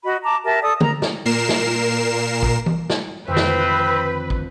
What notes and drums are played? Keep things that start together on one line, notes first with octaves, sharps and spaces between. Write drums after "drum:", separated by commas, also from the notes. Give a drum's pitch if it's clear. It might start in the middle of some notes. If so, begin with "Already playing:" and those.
F#4 D#5 B5
A5 A#5 D6
G4 A#4 E5 A5
A4 D5 D#6
A#4 A#5, drum: tom
drum: snare
A#2 A#4 C7 E7
drum: snare
drum: kick
drum: tom E3
drum: snare
F2 D3 D#3 C4 B4
drum: snare
drum: kick